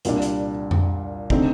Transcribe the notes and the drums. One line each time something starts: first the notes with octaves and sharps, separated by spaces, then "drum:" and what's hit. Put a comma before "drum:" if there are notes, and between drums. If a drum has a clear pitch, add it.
C2 A#2 G3 D4, drum: hi-hat
drum: hi-hat
drum: tom F2
D3 A3 C4 D#4, drum: kick